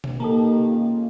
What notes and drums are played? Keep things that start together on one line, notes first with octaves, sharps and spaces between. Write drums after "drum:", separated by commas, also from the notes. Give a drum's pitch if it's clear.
drum: tom B2
D#3 A#3 G4 A4 A5 A#5
G#3 C#4 F4